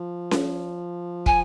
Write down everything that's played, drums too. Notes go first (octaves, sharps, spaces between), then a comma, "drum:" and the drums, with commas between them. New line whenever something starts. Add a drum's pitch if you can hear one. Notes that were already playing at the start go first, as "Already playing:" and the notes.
Already playing: F3
drum: snare C#4
G#5, drum: kick